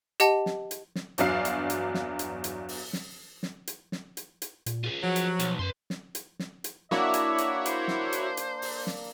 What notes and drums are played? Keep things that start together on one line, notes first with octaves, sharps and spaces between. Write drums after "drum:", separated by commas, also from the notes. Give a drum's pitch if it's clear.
G4 D#5 F#5 A5, drum: hi-hat
drum: snare
drum: hi-hat
drum: snare
G1 E2 F#3 D4 F5 C7, drum: hi-hat
drum: hi-hat
drum: hi-hat
drum: snare
drum: hi-hat
drum: hi-hat
drum: open hi-hat
drum: snare
drum: snare
drum: hi-hat
drum: snare
drum: hi-hat
drum: hi-hat
A#2, drum: hi-hat
F4 G#4
F3 F#3
drum: hi-hat
B1, drum: hi-hat
F#2 B4 C6
drum: snare
drum: hi-hat
drum: snare
drum: hi-hat
A#3 D4 E4 F#4 C#5 D5 E5, drum: snare
drum: hi-hat
drum: hi-hat
C5, drum: hi-hat
drum: snare
drum: hi-hat
drum: hi-hat
drum: open hi-hat
drum: snare